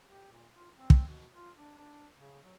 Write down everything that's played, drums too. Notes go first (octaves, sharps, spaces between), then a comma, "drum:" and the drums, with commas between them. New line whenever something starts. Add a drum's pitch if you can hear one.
G4
A#2
F4
C4
drum: kick
B2
F4
D4
D4
C#3
F#3